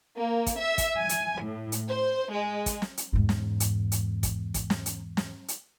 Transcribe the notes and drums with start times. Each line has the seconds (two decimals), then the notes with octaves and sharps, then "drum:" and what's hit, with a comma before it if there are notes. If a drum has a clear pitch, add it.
0.17 A#3
0.47 drum: kick, hi-hat
0.58 E5
0.78 drum: kick, hi-hat
0.98 G#5
1.09 drum: hi-hat
1.44 A2
1.72 drum: hi-hat
1.89 C5
2.31 G#3
2.66 drum: kick, hi-hat
2.82 drum: snare
2.97 drum: hi-hat
3.13 E2 G#2
3.29 drum: snare
3.60 drum: hi-hat
3.92 drum: hi-hat
4.23 drum: kick, hi-hat
4.54 drum: kick, hi-hat
4.70 drum: snare
4.86 drum: hi-hat
5.17 drum: snare
5.48 drum: hi-hat